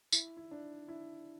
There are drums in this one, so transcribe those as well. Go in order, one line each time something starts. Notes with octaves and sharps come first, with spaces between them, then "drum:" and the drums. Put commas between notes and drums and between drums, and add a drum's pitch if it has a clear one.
E4, drum: tambourine
E4
D4
E4